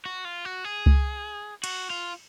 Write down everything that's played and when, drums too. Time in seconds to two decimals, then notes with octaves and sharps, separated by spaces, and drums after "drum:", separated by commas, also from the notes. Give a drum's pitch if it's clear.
0.06 F#4
0.25 F4
0.45 F#4
0.64 G#4
0.86 drum: kick C#2
1.64 F#4, drum: cymbal
1.90 F4